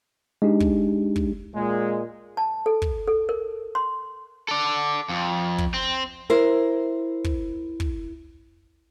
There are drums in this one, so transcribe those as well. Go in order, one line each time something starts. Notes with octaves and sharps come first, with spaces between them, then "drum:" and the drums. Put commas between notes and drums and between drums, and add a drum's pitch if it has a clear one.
G#3 D4 D#4 G4
drum: kick
drum: kick
A#2 G#3
A5
A4
drum: kick
A4
A#4
C6
A4 D5
F2
drum: kick
C4
E4 A#4 C5
drum: kick
drum: kick